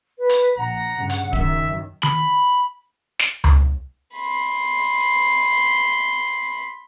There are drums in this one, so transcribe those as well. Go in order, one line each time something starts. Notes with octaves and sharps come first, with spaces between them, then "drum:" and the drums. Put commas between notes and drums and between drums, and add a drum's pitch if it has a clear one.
B4
drum: hi-hat
A#1 F#5 A#5
G2 C#3
drum: hi-hat
F#2 D#3 E5, drum: kick D1
B5, drum: tom D#3
drum: snare
drum: tom C#2
B5 C6